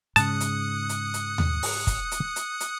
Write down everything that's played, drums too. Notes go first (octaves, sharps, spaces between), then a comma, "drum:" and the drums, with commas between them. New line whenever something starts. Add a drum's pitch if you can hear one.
G#2 C#3 A5 D#6 F#6 C#7, drum: hi-hat
drum: hi-hat
drum: hi-hat
drum: hi-hat
drum: tom D#2
drum: open hi-hat
drum: kick, hi-hat
drum: hi-hat
drum: hi-hat
drum: hi-hat